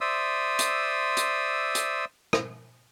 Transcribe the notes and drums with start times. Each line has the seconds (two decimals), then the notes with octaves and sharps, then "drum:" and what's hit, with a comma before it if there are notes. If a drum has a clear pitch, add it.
0.01 C5 D5 E5 C6 D#6 E6
0.59 drum: hi-hat
1.17 drum: hi-hat
1.75 drum: hi-hat
2.33 drum: rim click